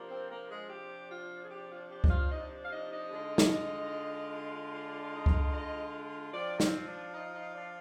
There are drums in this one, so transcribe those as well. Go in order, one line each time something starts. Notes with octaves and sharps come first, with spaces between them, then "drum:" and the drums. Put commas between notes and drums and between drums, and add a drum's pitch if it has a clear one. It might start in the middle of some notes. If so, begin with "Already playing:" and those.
Already playing: C3 F3 A#3 D4 F4
C4 C5
A#3 A#4
G#3 G#4
G4
F4
G#4
G4
F4
G4
D#5, drum: kick C#2
F4 F5
D#4 D#5
F5
D#4 D#5
D#4 D#5
D3 G#3 D4 F4
drum: snare
D4 D5
F5
D#4 D#5
drum: kick C#2
D#4 D#5
F3 C4 D4 F4 D5
A#4
C4 C5, drum: snare
D4 D5
D#4 D#5
D#4 D#5
D4 D5